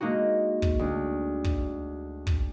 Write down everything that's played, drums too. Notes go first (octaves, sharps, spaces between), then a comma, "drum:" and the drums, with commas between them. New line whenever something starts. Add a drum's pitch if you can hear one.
G#3 A#3 D#4 F#4
drum: kick
D2
drum: kick
drum: kick